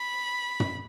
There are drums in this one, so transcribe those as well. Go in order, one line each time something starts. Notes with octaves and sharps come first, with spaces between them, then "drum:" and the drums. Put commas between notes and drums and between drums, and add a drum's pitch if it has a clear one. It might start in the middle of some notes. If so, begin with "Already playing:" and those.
Already playing: B5
drum: tom